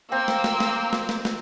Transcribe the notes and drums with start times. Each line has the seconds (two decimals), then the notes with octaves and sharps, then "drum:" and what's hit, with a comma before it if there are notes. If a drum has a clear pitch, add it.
0.12 A#3 C4 G5 E6
0.28 drum: snare
0.44 drum: snare
0.60 drum: snare
0.93 drum: snare
1.09 drum: snare
1.25 drum: snare